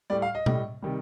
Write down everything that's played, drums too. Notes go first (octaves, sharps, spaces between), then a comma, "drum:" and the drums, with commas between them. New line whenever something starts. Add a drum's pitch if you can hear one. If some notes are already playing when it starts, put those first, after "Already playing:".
A2 G3 D5
F5
D#5
A2 G3, drum: tom B2
C3 D#3 G3